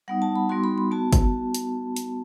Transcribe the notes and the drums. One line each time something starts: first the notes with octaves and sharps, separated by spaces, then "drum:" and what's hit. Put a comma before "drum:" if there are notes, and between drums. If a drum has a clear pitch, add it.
G3 B3 D#4 F#5
A5
B5
G3 B3 D#4 F#4 C6
B5
B5
B3 F#4 A5
drum: kick, hi-hat
drum: hi-hat
drum: hi-hat